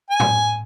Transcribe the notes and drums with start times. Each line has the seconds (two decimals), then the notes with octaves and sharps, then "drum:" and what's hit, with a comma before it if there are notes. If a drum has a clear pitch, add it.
0.10 G#5
0.20 drum: tom A2